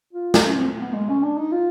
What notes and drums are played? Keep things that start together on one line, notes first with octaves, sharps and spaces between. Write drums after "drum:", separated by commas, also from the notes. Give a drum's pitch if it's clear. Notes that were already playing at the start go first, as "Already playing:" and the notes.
F4
E4, drum: snare
C#4
C4
B3
G#3
C#4
D4
D#4
F4